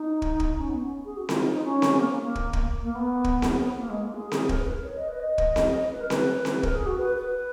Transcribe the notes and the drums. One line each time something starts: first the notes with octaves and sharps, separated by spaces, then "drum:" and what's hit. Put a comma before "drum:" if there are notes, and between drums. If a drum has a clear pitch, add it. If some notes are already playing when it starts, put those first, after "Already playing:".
Already playing: D#4
drum: kick
drum: kick
C#4
B3
C#4
G#4
F#4
F4, drum: snare C4
D#4
D#4
C#4
drum: snare C4
A#3
A#3
A#3
drum: kick
drum: kick
A#3
B3
drum: kick
drum: snare C4
A#3
G#3
A#3
G#4
G#4, drum: snare C4
A#4, drum: kick
B4
A#4
C#5
D#5
B4
D#5
drum: kick
drum: snare C4
B4
A#4
B4, drum: snare C4
drum: snare C4
A#4, drum: kick
G#4
F#4
B4
B4